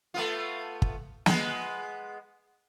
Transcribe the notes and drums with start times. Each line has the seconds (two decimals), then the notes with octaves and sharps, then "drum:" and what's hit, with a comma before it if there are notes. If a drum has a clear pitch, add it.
0.14 A3 B3 F4
0.82 drum: kick
1.26 G#3 B3, drum: snare